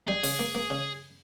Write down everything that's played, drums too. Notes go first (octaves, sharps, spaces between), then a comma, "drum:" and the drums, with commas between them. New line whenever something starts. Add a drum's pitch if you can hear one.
G3 G#4
C#3, drum: open hi-hat
A#3
A#3
C#3